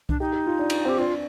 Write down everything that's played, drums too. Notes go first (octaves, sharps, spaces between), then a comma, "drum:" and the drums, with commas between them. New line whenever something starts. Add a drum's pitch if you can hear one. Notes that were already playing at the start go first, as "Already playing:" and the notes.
D4, drum: kick C2
D#4 G4
G4
F4
D4
drum: cymbal
C4 G4
D4 F4